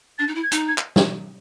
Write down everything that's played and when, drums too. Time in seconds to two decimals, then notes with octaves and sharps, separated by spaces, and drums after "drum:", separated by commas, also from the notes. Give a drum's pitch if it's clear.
0.18 D4 A6
0.27 D#4
0.35 E4
0.43 G#6
0.52 D#4, drum: hi-hat
0.68 G#6
0.78 drum: clap
0.96 drum: snare